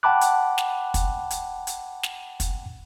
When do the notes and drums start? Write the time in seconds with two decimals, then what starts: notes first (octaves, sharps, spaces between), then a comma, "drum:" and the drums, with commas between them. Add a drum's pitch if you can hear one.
0.03 F#5 G5 A5 B5 D6 F#6
0.21 drum: hi-hat
0.58 drum: snare
0.94 drum: kick, hi-hat
1.31 drum: hi-hat
1.67 drum: hi-hat
2.03 drum: snare
2.40 drum: kick, hi-hat